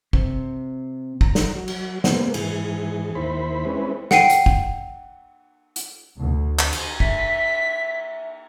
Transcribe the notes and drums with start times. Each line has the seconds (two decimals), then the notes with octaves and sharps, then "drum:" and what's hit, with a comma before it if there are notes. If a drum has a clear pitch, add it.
0.13 C3, drum: kick
1.21 A#5, drum: kick
1.35 drum: snare
1.55 F#3
1.68 drum: cymbal
2.04 C3 G#3 A#3 B3, drum: snare
2.34 G#2 E3 G#4, drum: cymbal
3.15 D#2 E4 C5 B5
3.65 G#3 C4 C#4 E4 B4
4.11 F#5 G5 C7 D#7, drum: snare
4.30 drum: hi-hat
4.46 drum: kick
5.76 drum: hi-hat
6.18 D2
6.59 drum: clap
6.73 drum: cymbal
7.00 E5 B6, drum: kick